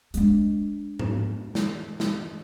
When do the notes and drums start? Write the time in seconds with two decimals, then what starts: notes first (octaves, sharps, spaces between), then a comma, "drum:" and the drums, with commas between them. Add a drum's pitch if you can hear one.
0.14 G#3 D4, drum: hi-hat
0.99 drum: tom G#2
1.55 drum: snare
2.00 drum: snare